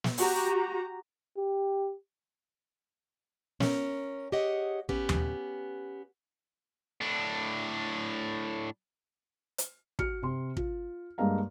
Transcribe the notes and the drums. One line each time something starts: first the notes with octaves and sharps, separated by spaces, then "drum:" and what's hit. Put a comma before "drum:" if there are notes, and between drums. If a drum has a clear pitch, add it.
drum: snare
F#4 G4 A#5, drum: open hi-hat
G4
C#4 A#4, drum: snare
G4 G#4 C#5 D#5 F#5
B3 C#4 G4, drum: kick
drum: tom D#2
A2 D4
drum: hi-hat
F#4 F6 C#7, drum: kick
C3 C6
F4, drum: kick
G2 G#3 A#3 F5 A#5